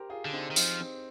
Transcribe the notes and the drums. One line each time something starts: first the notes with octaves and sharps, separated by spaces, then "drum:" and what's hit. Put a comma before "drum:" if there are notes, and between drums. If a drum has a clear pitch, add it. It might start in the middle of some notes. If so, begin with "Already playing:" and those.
Already playing: G4 A#4 C5
F4 G#4
D3
C4 D#4
D#3
F3 C4 D#4, drum: tambourine
C4